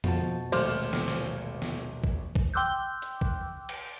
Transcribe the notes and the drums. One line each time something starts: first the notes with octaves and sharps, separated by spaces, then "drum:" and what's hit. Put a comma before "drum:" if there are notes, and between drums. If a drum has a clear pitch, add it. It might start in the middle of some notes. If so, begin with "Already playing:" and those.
B2 F3 F#4 A5, drum: tom F2
D#1 G#1 A3 C5 D6 F6, drum: cymbal
drum: snare
drum: snare
drum: snare
drum: kick
drum: kick
G5 C6 D6 E6 F#6 G6
drum: hi-hat
drum: kick
drum: cymbal